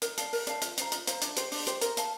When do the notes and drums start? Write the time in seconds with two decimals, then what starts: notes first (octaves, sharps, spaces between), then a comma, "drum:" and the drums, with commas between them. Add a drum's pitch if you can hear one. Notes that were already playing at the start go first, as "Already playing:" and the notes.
0.02 A#4, drum: hi-hat
0.17 D5 F5 A5, drum: hi-hat
0.33 A#4, drum: open hi-hat
0.47 D5 F5 A5, drum: hi-hat
0.61 F4, drum: hi-hat
0.78 C5 F5 A#5, drum: hi-hat
0.92 F4, drum: hi-hat
1.07 C5 F5 A#5, drum: hi-hat
1.21 D4, drum: hi-hat
1.36 G4 C5, drum: hi-hat
1.52 D4, drum: open hi-hat
1.67 G4 C5, drum: hi-hat
1.81 A#4, drum: hi-hat
1.97 F5 A5, drum: hi-hat